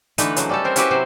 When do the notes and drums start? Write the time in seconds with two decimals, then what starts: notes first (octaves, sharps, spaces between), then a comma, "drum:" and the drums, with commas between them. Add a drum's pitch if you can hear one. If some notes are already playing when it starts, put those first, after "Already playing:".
0.18 D3 E3 A3 D#4 B4, drum: hi-hat
0.36 C#3 F#3, drum: hi-hat
0.49 G3 C#4 A4
0.64 C4 A#4 C5
0.76 C#4 E4 F#4 G4 B4 C5, drum: hi-hat
0.91 C3 F#3 C5